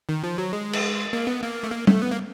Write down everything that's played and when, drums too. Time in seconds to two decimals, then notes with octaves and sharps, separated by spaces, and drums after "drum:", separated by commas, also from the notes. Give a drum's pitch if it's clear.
0.09 D#3
0.23 F3
0.38 F#3
0.53 G#3
0.73 drum: cymbal
1.13 A#3
1.27 B3
1.43 A#3
1.63 A3
1.71 A#3
1.87 A3, drum: tom
2.02 B3
2.11 A#3